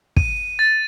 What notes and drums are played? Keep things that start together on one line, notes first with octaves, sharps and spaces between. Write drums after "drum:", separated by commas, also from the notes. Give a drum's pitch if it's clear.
D#7, drum: kick
A6